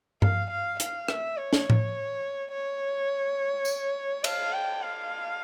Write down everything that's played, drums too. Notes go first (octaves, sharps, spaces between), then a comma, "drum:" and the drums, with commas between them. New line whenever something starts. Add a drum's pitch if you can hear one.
F5, drum: tom G2
F5
F5, drum: hi-hat
E5, drum: rim click
C#5
drum: snare
drum: tom A2
C#5
drum: tambourine
F5, drum: cymbal
G5
F5